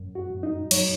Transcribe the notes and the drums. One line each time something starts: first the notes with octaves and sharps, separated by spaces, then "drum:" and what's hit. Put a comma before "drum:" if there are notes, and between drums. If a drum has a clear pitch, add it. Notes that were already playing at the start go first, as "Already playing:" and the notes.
Already playing: F#2
F#4
F#2
D#4
F#3 C#5, drum: cymbal